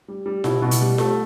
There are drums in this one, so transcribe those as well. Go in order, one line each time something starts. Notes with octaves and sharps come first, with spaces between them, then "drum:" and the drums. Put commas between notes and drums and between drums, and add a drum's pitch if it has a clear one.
G3
G3
B2 E4, drum: snare F4
B2
drum: hi-hat
G3
A3, drum: snare F4